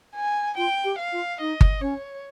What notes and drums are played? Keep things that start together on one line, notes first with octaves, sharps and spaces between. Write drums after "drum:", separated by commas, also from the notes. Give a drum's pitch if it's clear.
G#5
F4 G5
G4
F5
F4
D#4 D#5
drum: kick G1
C#4 C#5